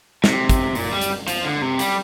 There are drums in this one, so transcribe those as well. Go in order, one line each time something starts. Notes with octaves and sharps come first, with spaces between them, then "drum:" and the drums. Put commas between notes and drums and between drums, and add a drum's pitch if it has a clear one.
C3, drum: snare
drum: kick, hi-hat
A#2, drum: open hi-hat
G3
drum: hi-hat
F3, drum: hi-hat
D3
C3
G3, drum: hi-hat